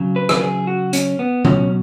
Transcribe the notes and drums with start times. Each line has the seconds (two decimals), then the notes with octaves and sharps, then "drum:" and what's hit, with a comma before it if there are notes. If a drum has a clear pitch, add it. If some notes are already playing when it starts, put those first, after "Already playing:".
Already playing: C#3 F#3
0.16 B4
0.29 drum: rim click
0.42 G#4
0.67 F#4
0.93 C#4, drum: hi-hat
1.19 B3
1.45 B2 F#3 C#4, drum: tom C#3